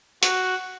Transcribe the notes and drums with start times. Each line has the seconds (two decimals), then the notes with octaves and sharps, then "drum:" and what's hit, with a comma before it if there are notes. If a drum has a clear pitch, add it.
0.23 F#4, drum: hi-hat